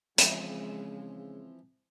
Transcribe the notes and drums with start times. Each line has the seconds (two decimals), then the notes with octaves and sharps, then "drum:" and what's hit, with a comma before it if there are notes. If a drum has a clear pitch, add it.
0.18 C#3 E3 F3 G#3 C4, drum: hi-hat